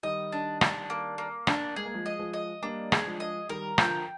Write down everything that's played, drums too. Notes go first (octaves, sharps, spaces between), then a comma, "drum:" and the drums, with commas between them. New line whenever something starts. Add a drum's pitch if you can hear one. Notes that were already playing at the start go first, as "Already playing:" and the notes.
D#3 G3 D#5
D4
D4, drum: rim click
A#3
A#3
D4, drum: rim click
G#3 G#4
A#3
F3 G#3
D#5
F3 G#3
D#5
G3 A#3 D4
G#4, drum: rim click
F3 G#3
D#5
D#3 G3 A#4
D3 F3 G5, drum: rim click